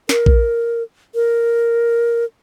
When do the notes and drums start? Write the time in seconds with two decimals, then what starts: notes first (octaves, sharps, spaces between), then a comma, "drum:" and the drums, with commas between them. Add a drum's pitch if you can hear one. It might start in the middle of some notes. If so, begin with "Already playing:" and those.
0.09 A#4, drum: snare
0.26 drum: kick A#1
1.15 A#4